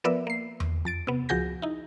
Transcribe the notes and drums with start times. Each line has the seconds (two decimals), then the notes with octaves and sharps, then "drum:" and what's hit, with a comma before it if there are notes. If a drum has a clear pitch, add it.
0.04 F3 B3 A#4 B4 D5 E5
0.27 A#3 C7
0.60 drum: tom E2
0.85 F2 A6 D7
1.07 C3 B3
1.29 C#2 F3 F#4 G#4 G6 A#6
1.62 D#4 E4